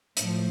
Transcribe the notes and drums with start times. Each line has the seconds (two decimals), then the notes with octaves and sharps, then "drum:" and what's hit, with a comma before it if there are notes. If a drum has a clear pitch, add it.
0.17 A2 F3, drum: hi-hat